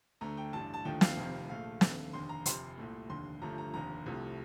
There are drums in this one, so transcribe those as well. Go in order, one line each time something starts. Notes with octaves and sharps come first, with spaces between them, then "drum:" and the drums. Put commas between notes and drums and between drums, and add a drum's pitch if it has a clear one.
D2 D3 A3 A#5
G5
A1 G2 D3 A5
A5
D#2 D3 F3 A3 G5
F5, drum: snare
F1 F2 C3 D#3
A#1 A#2 A3 F5
D#2 D3 A3, drum: snare
F1 D#2 D3 C6
A#5
F1 F2 C3 C6, drum: hi-hat
C2 A#2 A3
F1 D#2 D3 C6
G1 G2 F3 A3 A#5
A#5
F1 D#2 D3 A#5
C2 C3 F3 A3